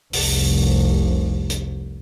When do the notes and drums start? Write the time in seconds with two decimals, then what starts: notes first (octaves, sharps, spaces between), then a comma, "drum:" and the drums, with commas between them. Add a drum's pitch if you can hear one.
0.13 F1 C2, drum: open hi-hat
1.50 drum: hi-hat